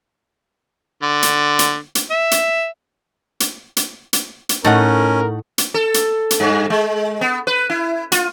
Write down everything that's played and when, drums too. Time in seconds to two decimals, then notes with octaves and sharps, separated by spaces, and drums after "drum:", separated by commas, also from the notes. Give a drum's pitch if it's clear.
1.03 D3
1.23 drum: hi-hat
1.59 drum: hi-hat
1.95 drum: hi-hat
2.10 E5
2.31 drum: hi-hat
3.40 drum: hi-hat
3.77 drum: hi-hat
4.13 drum: hi-hat
4.49 drum: hi-hat
4.65 A2 A3 C#4 D#4 A#4 F#5
5.58 drum: hi-hat
5.74 A4
5.94 drum: hi-hat
6.31 drum: hi-hat
6.40 G2
6.70 G#3
7.21 B3
7.47 B4
7.70 E4
8.12 F4, drum: hi-hat